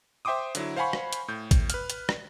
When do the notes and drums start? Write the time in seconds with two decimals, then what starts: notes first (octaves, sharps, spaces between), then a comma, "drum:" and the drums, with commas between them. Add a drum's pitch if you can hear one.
0.25 C5 E5 G5 C6 D6 D#6
0.55 D3 F#3 E4, drum: hi-hat
0.76 C5 F5 F#5 G#5 B5 C#6
0.93 drum: rim click
1.13 drum: hi-hat
1.28 A2 G6
1.51 drum: kick A1, hi-hat
1.70 B4 F6, drum: hi-hat
1.90 drum: hi-hat
2.09 drum: rim click